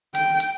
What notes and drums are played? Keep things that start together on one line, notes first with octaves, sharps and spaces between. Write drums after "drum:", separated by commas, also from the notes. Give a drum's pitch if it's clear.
G5, drum: hi-hat
drum: hi-hat